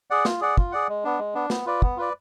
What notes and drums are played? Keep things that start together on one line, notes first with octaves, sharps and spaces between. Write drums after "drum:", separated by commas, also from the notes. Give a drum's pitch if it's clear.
G#4 D5 F#5
F4, drum: snare
G#4 D5 F#5
F4, drum: kick
G#4 D5 F#5
G#3
B3 D4
G#3
B3 D4
B3, drum: snare
F4 B4 D5
B3, drum: kick
F4 B4 D5